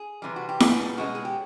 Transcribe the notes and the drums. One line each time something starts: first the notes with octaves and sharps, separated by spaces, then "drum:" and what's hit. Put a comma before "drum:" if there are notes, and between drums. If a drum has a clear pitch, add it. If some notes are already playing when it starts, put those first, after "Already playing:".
Already playing: G#4
C3 E3 G3
F#4
G4
A#2 G3 B3 G#4, drum: snare E4
B2 G#3 C#4 F#4
G#4
G4